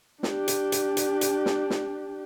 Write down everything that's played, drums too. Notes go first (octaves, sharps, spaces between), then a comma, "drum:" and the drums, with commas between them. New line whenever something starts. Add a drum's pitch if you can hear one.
D4 G4, drum: snare
drum: hi-hat
drum: hi-hat
drum: hi-hat
drum: hi-hat
drum: snare
drum: snare